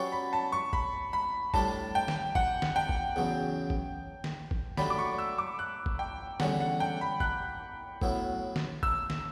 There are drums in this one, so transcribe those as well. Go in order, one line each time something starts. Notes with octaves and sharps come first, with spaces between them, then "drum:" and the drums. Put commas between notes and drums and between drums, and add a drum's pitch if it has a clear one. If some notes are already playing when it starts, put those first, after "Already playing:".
Already playing: F#3 C#4 G4 B4 D5 C#6
B5
A5
C#6
B5, drum: kick G#1
B5
A2 G3 D4 G4 D5 A5, drum: kick G#1
G5
drum: snare
F#5, drum: kick G#1
drum: snare
G5
drum: kick G#1
E2 C#3 F#3 B3
drum: kick G#1
drum: snare
drum: kick G#1
F#3 A3 D4 G4 D5 B5, drum: snare
D6
C#6
E6
D6
F#6
drum: kick G#1
G5
E2 D3 G3 C#4 F#5, drum: snare
F#5
G5
B5
F#6, drum: kick G#1
A2 F#3 B3 E4, drum: kick G#1
drum: snare
E6, drum: kick G#1
drum: snare